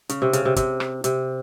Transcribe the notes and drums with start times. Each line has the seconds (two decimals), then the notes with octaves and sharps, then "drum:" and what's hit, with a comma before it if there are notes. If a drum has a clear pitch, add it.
0.09 C#3, drum: hi-hat
0.22 C3
0.33 C#3, drum: hi-hat
0.45 C3
0.56 C3, drum: kick, hi-hat
0.80 drum: rim click
1.04 C3, drum: hi-hat